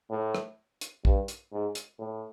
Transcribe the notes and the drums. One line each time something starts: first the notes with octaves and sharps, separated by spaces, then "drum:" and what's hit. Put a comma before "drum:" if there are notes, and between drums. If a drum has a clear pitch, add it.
A2
drum: rim click
drum: hi-hat
G2, drum: kick
drum: hi-hat
G#2
drum: hi-hat
A2